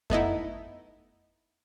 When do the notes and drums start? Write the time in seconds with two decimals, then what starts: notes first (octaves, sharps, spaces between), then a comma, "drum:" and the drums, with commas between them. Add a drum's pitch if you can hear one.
0.10 A3 B3 D#4 E4, drum: kick F2